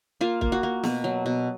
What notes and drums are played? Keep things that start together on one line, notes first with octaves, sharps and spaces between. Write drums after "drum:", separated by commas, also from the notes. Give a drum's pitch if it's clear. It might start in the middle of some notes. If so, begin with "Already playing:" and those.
A#3 F4
A#3, drum: kick
F#4
A#3
B2, drum: snare B3
F#3
B2